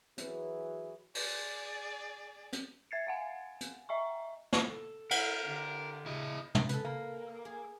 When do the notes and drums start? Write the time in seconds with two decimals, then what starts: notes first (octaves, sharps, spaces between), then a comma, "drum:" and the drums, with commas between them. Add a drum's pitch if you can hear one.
0.18 E3 F#3 E4 F#4 G#4 B4, drum: hi-hat
1.15 G#4 D5, drum: open hi-hat
2.53 drum: hi-hat
2.91 E5 G#6 A6 C7 C#7
3.07 F5 F#5 G#5
3.61 drum: hi-hat
3.89 D#5 E5 A#5 C#6
4.53 drum: snare
4.62 A4
5.11 E4 A4 A#4 F#5, drum: cymbal
5.45 D3 D4 G4
6.06 C#3 E4 D#5
6.55 drum: tom
6.69 A4 B4, drum: hi-hat
6.85 A#3
7.45 G#4